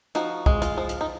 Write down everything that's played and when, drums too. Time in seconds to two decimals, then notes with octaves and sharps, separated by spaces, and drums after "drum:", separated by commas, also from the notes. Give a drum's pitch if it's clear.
0.15 F3 D#4 F#4, drum: hi-hat
0.46 G#3, drum: kick
0.62 F4, drum: hi-hat
0.78 F3
0.89 drum: hi-hat
1.01 D#4